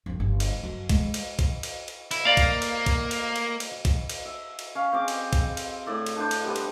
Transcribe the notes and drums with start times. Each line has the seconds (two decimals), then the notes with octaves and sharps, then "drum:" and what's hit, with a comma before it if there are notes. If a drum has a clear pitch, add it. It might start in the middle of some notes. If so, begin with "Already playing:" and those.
0.06 F#1 F2
0.20 G1
0.40 drum: cymbal
0.63 F#2
0.89 G#3, drum: kick, cymbal
1.14 drum: cymbal
1.39 drum: kick, cymbal
1.63 drum: cymbal
1.88 drum: cymbal
2.11 E4, drum: cymbal
2.25 A#3 D5 F5
2.37 drum: kick, cymbal
2.62 drum: cymbal
2.86 drum: kick, cymbal
3.11 drum: cymbal
3.36 drum: cymbal
3.60 drum: cymbal
3.85 drum: kick, cymbal
4.10 drum: cymbal
4.25 E5
4.59 drum: cymbal
4.75 C#4 F5
4.93 C4 G#4 D6
5.08 drum: cymbal
5.33 drum: kick, cymbal
5.57 drum: cymbal
5.86 A2 D5 E5
6.06 drum: cymbal
6.16 D4 B4 C5
6.31 drum: cymbal
6.45 G3 B3
6.56 drum: cymbal